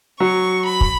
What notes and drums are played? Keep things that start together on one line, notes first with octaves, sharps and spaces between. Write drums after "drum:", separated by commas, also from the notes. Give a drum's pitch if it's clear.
F#3 C#6
B5
drum: kick